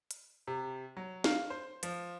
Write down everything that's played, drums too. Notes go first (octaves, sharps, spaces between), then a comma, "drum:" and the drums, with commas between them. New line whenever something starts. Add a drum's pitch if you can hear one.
drum: hi-hat
C3
F#3
F5, drum: snare
C5
F3, drum: hi-hat